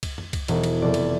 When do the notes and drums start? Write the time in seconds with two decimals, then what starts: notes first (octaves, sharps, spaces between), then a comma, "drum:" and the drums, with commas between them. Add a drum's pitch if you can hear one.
0.03 drum: kick C2, cymbal
0.18 drum: tom F2
0.33 drum: kick C2, cymbal
0.48 E1, drum: cymbal
0.64 drum: cymbal
0.82 F1 D5
0.94 drum: cymbal